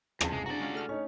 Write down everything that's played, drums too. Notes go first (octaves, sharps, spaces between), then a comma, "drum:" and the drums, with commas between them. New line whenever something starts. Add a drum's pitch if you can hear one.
F2 C#3 E4 G#4 A5, drum: rim click
G1 C3 G#3
D4 F#4 D5 A#5
G#3 C#4 F4
A3 A4 F6
C#4 D#4 C#5 D#5